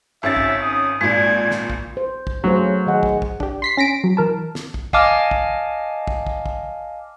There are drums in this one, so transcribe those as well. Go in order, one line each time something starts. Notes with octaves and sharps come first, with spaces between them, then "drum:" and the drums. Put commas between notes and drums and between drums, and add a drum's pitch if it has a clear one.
G#1 C#4 E5 A6
drum: kick
D#6
G#1 A#2 G#3 D5 G#6
drum: snare
drum: kick
C5
drum: kick
C#3 F#3 A3 C5
D#3 G#3 F#5
drum: kick
drum: kick
D4 G4, drum: kick
C6 B6 C7
C#4 A#6 B6 D7
F#3
E3 A#4 A5
drum: snare
drum: kick
D#5 F5 G#5 A5 D6 F6, drum: kick
drum: kick
drum: kick
drum: kick
drum: kick